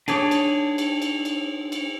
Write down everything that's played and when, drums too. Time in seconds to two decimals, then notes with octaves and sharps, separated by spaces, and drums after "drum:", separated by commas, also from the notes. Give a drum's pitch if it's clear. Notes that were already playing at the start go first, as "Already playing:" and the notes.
0.08 D4 G#4 C#5 D6, drum: cymbal
0.31 drum: cymbal
0.78 drum: cymbal
1.02 drum: cymbal
1.25 drum: cymbal
1.72 drum: cymbal